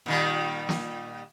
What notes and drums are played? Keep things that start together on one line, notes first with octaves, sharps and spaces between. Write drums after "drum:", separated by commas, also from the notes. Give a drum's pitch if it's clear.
A#2 D#3 G3
drum: snare